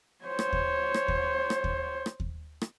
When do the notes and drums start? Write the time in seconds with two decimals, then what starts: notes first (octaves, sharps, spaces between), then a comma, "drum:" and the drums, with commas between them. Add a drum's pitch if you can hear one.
0.25 C5 C#5
0.39 drum: rim click
0.53 drum: kick D#2
0.94 drum: rim click
1.08 drum: kick D#2
1.50 drum: rim click
1.64 drum: kick D#2
2.06 drum: rim click
2.20 drum: kick D#2
2.61 drum: rim click